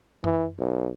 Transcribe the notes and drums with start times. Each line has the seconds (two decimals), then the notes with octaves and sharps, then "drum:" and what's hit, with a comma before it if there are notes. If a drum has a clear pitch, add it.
0.24 E3, drum: tom F#2
0.59 B1